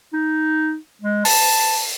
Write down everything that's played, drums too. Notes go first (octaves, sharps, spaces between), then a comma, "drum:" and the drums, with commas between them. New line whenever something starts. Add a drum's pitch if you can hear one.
D#4
G#3
A5, drum: open hi-hat